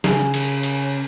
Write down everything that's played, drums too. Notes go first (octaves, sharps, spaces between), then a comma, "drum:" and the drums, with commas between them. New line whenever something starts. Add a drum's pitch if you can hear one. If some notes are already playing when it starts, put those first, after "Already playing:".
C#3 G#4 G#5, drum: snare
drum: cymbal
drum: cymbal